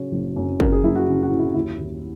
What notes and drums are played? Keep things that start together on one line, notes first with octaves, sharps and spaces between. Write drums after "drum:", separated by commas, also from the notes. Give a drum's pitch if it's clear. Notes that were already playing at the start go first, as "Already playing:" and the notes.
Already playing: C#3 F#3 C#5
F#1
F#2
C#3 A#4, drum: kick
G#4
F#1 E4
F#4
C#3
F#4
F#2
E4
D#2 E4
D#2